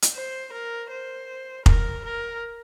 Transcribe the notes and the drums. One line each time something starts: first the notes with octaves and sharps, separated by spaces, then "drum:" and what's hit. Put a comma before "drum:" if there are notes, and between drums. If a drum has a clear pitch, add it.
drum: hi-hat
C5
A#4
C5
A#4, drum: kick F1
A#4